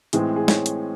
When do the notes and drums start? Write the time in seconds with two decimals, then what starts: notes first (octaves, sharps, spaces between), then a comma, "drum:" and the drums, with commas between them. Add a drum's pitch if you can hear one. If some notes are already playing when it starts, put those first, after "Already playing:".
0.13 A2 E3 G#3 C4 G#4, drum: hi-hat
0.36 G#4
0.48 C#5, drum: snare
0.66 drum: hi-hat